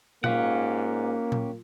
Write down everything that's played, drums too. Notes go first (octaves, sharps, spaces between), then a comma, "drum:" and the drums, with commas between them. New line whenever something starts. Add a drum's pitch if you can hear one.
G#2 A#3 C#4 F4 G4 F5 F#5, drum: tom A#2
drum: tom A#2